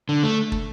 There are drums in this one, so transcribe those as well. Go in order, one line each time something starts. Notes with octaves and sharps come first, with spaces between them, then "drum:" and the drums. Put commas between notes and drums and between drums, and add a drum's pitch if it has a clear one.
D3
A3
drum: kick